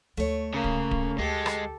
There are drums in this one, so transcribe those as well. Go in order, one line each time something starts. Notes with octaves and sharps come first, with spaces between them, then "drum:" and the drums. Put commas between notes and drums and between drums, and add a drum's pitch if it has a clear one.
D2 A3 C#5
C#3 A#3
drum: kick D1
drum: kick D1
D2 G#3 G4 A4
drum: rim click